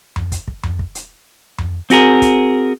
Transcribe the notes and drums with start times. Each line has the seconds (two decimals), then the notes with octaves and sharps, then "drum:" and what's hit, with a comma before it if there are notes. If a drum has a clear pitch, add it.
0.16 drum: tom F2
0.32 drum: kick, hi-hat
0.48 drum: kick
0.63 drum: tom F2
0.79 drum: kick
0.95 drum: hi-hat
1.58 drum: tom F2
1.90 C4 F#4 G#4 A#4, drum: hi-hat
2.22 drum: kick, hi-hat